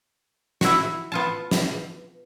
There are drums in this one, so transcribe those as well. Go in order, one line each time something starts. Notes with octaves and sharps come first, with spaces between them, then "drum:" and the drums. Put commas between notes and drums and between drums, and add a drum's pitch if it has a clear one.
E4 F#4, drum: snare
B3 F4 A5
drum: snare